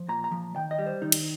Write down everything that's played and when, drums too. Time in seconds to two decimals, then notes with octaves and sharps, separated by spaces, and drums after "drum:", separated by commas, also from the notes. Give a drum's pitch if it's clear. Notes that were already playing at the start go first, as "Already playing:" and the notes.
Already playing: F3
0.09 A#2 A#5
0.24 A#5
0.32 F3
0.56 D#3 G5
0.71 D#5
0.79 G3
0.86 C5
1.02 D#3 D#4
1.12 drum: cymbal